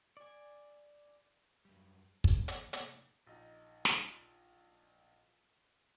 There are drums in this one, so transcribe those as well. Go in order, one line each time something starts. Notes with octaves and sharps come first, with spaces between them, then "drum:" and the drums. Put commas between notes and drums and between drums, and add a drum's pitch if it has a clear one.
D5 G#5
F#2 G3
D3 E3 F3 A#3 C#4, drum: kick
drum: hi-hat
F2 A2 C3 A3 A#3 D#4, drum: hi-hat
A#1 D#4
drum: snare